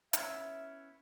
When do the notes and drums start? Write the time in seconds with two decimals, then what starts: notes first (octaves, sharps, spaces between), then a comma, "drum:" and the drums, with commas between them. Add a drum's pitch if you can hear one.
0.13 B3 C#4 E4 E5, drum: hi-hat